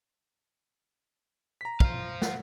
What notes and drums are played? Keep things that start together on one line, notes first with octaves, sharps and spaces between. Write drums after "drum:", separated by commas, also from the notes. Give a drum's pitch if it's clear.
A#5 B6
C5 F5, drum: kick
F#5, drum: snare